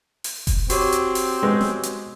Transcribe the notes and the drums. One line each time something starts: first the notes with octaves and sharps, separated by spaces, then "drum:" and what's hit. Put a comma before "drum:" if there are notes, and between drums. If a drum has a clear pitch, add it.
drum: open hi-hat
drum: kick F1, open hi-hat
C4 F#4 G4 C#5, drum: open hi-hat
drum: hi-hat
drum: open hi-hat
G#3 B3
drum: snare
drum: hi-hat